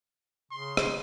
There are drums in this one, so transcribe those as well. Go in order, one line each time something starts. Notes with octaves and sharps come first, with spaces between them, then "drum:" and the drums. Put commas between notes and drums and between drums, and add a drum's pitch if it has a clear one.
C#3 C6
drum: rim click